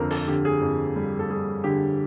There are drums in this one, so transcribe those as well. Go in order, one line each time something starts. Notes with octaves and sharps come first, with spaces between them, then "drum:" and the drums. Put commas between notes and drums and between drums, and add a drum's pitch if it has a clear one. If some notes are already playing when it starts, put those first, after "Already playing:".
Already playing: F2 D3 C4 A4 A#4
A4, drum: open hi-hat
D3 G4
G#4
F2
G3
A4
G3 G#4
D3 G4